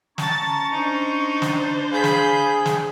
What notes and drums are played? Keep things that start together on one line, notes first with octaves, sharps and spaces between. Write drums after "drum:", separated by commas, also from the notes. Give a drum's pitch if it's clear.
C#4 A5 A#5 C#6 A6, drum: snare
D4 D#4 C5
drum: snare
G#4 F5 G#5 B5 G6 B6
drum: snare
drum: snare